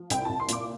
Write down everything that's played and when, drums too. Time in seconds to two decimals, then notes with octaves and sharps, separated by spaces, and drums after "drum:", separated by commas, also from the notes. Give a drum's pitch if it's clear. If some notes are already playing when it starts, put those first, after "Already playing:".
Already playing: F3
0.10 C2 G5, drum: hi-hat
0.25 C2 A5
0.40 C6
0.49 A#2 D6, drum: hi-hat